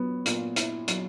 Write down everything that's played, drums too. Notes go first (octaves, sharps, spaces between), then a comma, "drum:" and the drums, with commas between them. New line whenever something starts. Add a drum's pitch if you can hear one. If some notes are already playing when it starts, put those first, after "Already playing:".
Already playing: F#3 B3
A#2, drum: hi-hat
E4, drum: hi-hat
F#3, drum: hi-hat